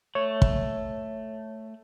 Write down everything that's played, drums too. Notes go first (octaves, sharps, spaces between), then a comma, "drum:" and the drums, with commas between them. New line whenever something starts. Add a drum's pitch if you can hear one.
A3 C#5
drum: kick